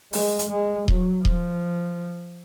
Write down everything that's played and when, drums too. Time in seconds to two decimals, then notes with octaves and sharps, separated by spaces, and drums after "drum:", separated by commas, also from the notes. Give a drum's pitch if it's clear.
0.13 G#3, drum: open hi-hat
0.39 drum: hi-hat
0.50 G#3
0.88 F#3, drum: kick D#1
1.25 F3, drum: kick D#1